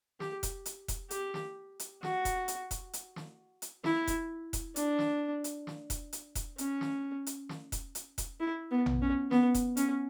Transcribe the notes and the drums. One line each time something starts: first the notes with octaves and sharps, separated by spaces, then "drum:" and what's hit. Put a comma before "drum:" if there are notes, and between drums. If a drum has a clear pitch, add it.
G4, drum: snare
drum: kick E1, hi-hat
drum: hi-hat
drum: kick E1, hi-hat
G4, drum: hi-hat
drum: snare
drum: hi-hat
F#4, drum: snare
drum: kick E1, hi-hat
drum: hi-hat
drum: kick E1, hi-hat
drum: hi-hat
drum: snare
drum: hi-hat
E4, drum: snare
drum: kick E1, hi-hat
drum: kick E1, hi-hat
D4, drum: hi-hat
drum: snare
drum: hi-hat
drum: snare
drum: kick E1, hi-hat
drum: hi-hat
drum: kick E1, hi-hat
C#4, drum: hi-hat
drum: snare
drum: hi-hat
drum: snare
drum: kick E1, hi-hat
drum: hi-hat
drum: kick E1, hi-hat
E4
B3
drum: tom A#1
C#4
B3, drum: snare
drum: kick E1, hi-hat
C#4, drum: hi-hat